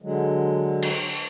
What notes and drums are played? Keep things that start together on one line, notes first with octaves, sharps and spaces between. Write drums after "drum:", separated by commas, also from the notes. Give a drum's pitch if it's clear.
D3 F#3 G#3
drum: cymbal